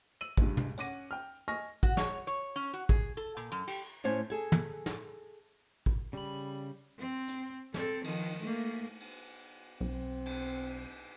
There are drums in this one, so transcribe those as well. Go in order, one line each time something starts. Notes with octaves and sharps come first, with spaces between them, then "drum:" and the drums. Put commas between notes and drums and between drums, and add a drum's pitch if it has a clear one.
E6 D#7 F#7
C#2 G2, drum: kick A1
drum: tom
C#4 F#5 D6 A#6 D#7, drum: tambourine
G5 F6
D#5 G#5 C#6 F6 A#6
F#4, drum: kick A1
C#5, drum: snare
C#5
C#4
F#4
G#4, drum: kick A1
A4
A#2
F#2
G4, drum: cymbal
A2 A3 C#4 C5 G#5
G#4 A4 G#5
drum: tom
drum: snare
drum: kick A1
C#3 G3 B5
C4
drum: hi-hat
C4 A4, drum: snare
D#3 F3, drum: cymbal
A3 A#3
drum: cymbal
B1 C4
drum: cymbal